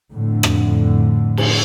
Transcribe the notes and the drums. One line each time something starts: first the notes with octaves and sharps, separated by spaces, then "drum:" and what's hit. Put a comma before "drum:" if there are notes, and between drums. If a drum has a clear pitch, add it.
F2 A2 D3
drum: rim click
drum: cymbal